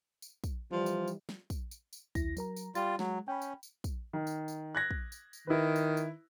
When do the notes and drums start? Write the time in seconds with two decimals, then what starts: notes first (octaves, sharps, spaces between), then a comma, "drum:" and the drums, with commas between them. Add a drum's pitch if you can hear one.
0.22 drum: tambourine
0.44 drum: kick, tambourine
0.72 E3 F3 G3
0.86 drum: tambourine
1.07 drum: tambourine
1.29 drum: snare
1.50 drum: kick, tambourine
1.71 drum: tambourine
1.93 drum: tambourine
2.15 D#2 E4 A#6, drum: kick, tambourine
2.37 F#3 A#4 A#5, drum: tambourine
2.56 drum: tambourine
2.75 G3 F4 A6, drum: tambourine
2.99 F#3 G#3, drum: snare
3.28 C#4 G5 B5
3.42 drum: tambourine
3.63 drum: tambourine
3.84 drum: kick, tambourine
4.13 D#3
4.27 drum: tambourine
4.48 drum: tambourine
4.75 F#6 G#6 A#6
4.91 drum: kick
5.12 drum: tambourine
5.33 drum: tambourine
5.47 D#3 E4 B4
5.76 drum: tambourine
5.97 drum: tambourine